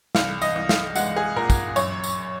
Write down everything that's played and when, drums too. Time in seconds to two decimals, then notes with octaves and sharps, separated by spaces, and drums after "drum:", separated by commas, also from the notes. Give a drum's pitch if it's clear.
0.15 C2 F5, drum: snare
0.42 D#5, drum: tambourine
0.56 C2
0.69 F5, drum: snare
0.95 G#3 F#5, drum: tambourine
1.16 G#4
1.36 A#2 A#4
1.50 drum: kick, tambourine
1.76 F#2 C#5, drum: tambourine
2.04 drum: tambourine